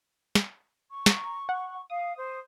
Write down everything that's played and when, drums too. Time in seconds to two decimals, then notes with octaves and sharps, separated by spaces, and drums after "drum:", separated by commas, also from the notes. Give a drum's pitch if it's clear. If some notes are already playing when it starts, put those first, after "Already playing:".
0.35 drum: snare
0.91 C#6
1.06 A#5, drum: snare
1.49 F#5
1.90 F5 D#6
2.17 C5